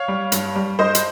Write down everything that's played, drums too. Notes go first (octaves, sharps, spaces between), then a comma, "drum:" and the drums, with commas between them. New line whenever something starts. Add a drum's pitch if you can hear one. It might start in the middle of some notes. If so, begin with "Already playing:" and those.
Already playing: C#5 F5
G3
G2, drum: hi-hat
G3
G2 C5 D#5
drum: hi-hat